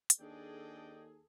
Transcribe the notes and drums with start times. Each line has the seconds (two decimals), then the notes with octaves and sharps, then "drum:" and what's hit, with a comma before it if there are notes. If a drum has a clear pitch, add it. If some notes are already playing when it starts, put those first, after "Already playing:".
0.10 drum: hi-hat
0.20 D#2 D4 G#4 A4 D5 D#5 G5